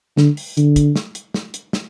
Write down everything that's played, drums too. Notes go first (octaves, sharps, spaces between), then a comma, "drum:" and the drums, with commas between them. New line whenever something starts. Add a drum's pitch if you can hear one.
D3, drum: snare
drum: open hi-hat
D3, drum: hi-hat
drum: kick, hi-hat
drum: snare
drum: hi-hat
drum: snare
drum: hi-hat
drum: snare